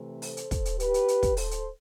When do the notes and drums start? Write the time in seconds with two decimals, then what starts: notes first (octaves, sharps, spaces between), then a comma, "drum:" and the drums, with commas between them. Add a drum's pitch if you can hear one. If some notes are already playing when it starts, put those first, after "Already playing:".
Already playing: C3 E3 A3 C4
0.22 A4 C5, drum: open hi-hat
0.37 drum: hi-hat
0.51 drum: kick, hi-hat
0.65 drum: hi-hat
0.80 G4 B4, drum: hi-hat
0.94 drum: hi-hat
1.08 drum: hi-hat
1.23 drum: kick, hi-hat
1.37 A4 C5, drum: open hi-hat
1.51 drum: hi-hat